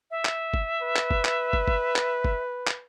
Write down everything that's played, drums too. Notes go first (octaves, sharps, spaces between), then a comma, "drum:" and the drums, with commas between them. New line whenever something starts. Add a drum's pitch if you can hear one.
E5
drum: clap
drum: kick
B4
drum: clap
drum: kick
drum: clap
drum: kick
drum: kick
drum: clap
drum: kick
drum: clap